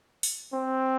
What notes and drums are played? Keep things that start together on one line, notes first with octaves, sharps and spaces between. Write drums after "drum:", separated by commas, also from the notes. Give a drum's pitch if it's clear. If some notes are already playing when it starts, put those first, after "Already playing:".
drum: open hi-hat
C4